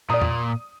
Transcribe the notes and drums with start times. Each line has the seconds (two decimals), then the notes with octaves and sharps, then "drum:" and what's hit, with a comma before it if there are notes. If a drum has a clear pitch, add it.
0.10 A#2 D5 A#5 D#6
0.22 drum: tom E2